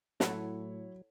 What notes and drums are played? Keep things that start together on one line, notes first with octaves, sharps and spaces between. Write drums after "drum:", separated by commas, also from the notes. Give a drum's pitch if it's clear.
A2 F#3 E4 A4 C#5 F#5, drum: snare